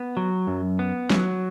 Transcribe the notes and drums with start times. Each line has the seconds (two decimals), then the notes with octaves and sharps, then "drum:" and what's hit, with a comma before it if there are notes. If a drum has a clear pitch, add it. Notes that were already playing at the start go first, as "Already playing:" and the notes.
Already playing: B3
0.17 F#3
0.47 F#2
0.79 B3
1.10 F#3, drum: snare